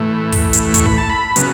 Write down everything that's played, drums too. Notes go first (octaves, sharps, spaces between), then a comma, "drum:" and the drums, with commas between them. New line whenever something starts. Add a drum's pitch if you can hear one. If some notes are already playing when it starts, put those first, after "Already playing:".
Already playing: A2 E3 A3
drum: kick, open hi-hat
drum: hi-hat
C#6, drum: kick, hi-hat
B5
A5
B5
C#3 F#3 B3, drum: hi-hat